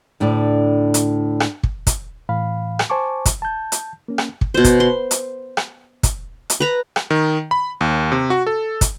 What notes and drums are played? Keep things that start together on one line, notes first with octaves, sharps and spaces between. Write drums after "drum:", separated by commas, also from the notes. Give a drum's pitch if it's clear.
D2 A2 D4 D5
drum: hi-hat
drum: rim click
drum: kick
drum: kick, hi-hat
A2 E3 F5 B5
drum: rim click
C5 G#5 A5 C#6 D6
drum: kick, hi-hat
A5 G6
drum: hi-hat
A#3 C#4
drum: rim click
drum: kick
B2 C5
drum: kick, hi-hat
C6
drum: hi-hat
drum: rim click
drum: kick, hi-hat
drum: hi-hat
B4 A#5 B5
drum: rim click
D#3
B5
D#2
C3
F#4
A4
drum: kick, hi-hat